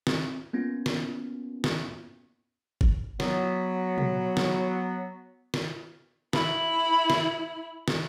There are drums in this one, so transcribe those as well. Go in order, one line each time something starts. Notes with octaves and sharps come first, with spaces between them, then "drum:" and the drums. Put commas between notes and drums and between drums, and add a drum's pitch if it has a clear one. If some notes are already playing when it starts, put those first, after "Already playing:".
C4, drum: snare
A#3 B3 C#4 F4
drum: snare
drum: snare
drum: kick
F#3 B3, drum: snare
drum: tom
drum: snare
drum: snare
E4 B5, drum: snare
drum: snare
drum: snare